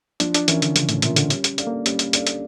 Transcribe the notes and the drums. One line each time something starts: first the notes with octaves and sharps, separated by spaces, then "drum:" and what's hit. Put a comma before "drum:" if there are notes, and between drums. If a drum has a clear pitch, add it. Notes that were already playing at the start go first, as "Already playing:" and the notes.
F3 D4, drum: hi-hat
D4, drum: hi-hat
E3 C#4 F4 A#4 E5, drum: hi-hat
D3, drum: hi-hat
C#3 F3, drum: hi-hat
A2, drum: hi-hat
A#2 C#4 F4 A#4 E5, drum: hi-hat
D3, drum: hi-hat
G3 C#4, drum: hi-hat
drum: hi-hat
D4 A4 D5 F5, drum: hi-hat
A#3
G3 C#4, drum: hi-hat
drum: hi-hat
D4 A4 D5 F5, drum: hi-hat
drum: hi-hat